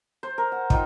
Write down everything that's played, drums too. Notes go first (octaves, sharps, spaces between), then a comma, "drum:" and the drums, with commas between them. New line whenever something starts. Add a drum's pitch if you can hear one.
C5
A#4
F#5
D#4 F4 G5, drum: kick